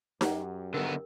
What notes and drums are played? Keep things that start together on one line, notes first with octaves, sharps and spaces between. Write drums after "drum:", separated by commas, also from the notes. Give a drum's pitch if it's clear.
F#2 G4 F#5 A#5, drum: snare D#4
F#2 D3 D#3 F#3 B3 A#4